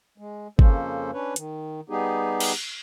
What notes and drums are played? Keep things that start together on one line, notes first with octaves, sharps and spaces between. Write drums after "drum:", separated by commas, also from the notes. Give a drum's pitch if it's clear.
G#3
F2 C#3 A#3 C#4 A4 C5, drum: kick G1
C#4 D4 B4 C#5
D#3, drum: hi-hat
G3 B3 D#4 G4 G#4
drum: cymbal